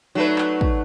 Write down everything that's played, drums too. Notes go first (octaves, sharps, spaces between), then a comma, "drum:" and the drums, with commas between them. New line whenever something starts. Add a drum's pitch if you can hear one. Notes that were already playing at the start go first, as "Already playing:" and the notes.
F#3 A3 D#4 B4 D5
drum: clap
drum: kick